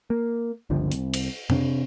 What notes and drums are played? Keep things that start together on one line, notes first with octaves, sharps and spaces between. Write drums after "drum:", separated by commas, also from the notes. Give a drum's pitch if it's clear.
A#3
G1 C#2 D3 F3
C2, drum: hi-hat
drum: cymbal
C3 D4, drum: tom F2